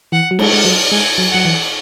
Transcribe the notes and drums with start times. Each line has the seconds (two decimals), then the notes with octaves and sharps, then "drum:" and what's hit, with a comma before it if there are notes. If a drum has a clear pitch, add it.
0.12 E3 F#5
0.31 F#3
0.39 G#3, drum: cymbal
0.52 G#3 F#5
0.65 F#3
0.92 G#3 G#5
1.18 F#3
1.32 F#3 F#5
1.45 E3